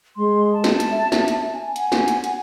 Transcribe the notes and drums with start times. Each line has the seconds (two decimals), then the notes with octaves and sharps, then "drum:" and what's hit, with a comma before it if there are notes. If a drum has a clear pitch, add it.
0.16 G#3 C6
0.53 A5
0.64 drum: snare
0.80 drum: hi-hat
0.91 E5
1.12 drum: snare
1.28 drum: hi-hat
1.54 G#5
1.76 F#5 G#5, drum: hi-hat
1.92 drum: snare
2.08 drum: hi-hat
2.24 drum: hi-hat